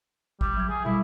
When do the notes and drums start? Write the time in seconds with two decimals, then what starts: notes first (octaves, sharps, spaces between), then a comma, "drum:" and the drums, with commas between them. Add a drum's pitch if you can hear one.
0.41 G3, drum: kick G#1
0.57 F#3 G#6
0.69 G#4
0.85 B2 G3 E4